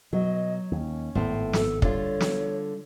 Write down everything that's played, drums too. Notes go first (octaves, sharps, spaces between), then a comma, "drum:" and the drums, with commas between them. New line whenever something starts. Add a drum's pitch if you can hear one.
B2 F#3 D#5
D#2 C#4
G#1 A2 B3 C4 C5
A4, drum: snare
D3 G3 F4 C#5, drum: kick
drum: snare